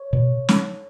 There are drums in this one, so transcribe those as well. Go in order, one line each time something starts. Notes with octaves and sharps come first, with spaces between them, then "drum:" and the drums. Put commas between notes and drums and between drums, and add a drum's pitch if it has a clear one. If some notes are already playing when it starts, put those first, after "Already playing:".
Already playing: C#5
B2
drum: snare